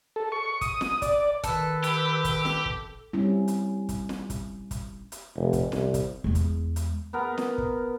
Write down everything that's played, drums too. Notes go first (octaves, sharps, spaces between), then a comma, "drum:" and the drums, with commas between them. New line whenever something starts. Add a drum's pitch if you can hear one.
A4
C#6
D#6, drum: kick, hi-hat
drum: snare
D5, drum: kick, hi-hat
D#3 A4 B4 E6, drum: kick, hi-hat
G4, drum: hi-hat
drum: kick, hi-hat
drum: snare
drum: kick
G3 C4 C#4 E4
drum: hi-hat
drum: kick, hi-hat
drum: snare
drum: kick, hi-hat
drum: kick, hi-hat
drum: hi-hat
F1
drum: kick, hi-hat
C2, drum: snare
drum: kick, hi-hat
E2 G#3
drum: kick, hi-hat
drum: hi-hat
B3 A#4
drum: snare
drum: kick